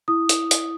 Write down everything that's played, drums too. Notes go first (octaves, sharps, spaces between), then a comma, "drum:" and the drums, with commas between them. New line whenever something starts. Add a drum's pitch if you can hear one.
E4 D#6
drum: hi-hat
drum: hi-hat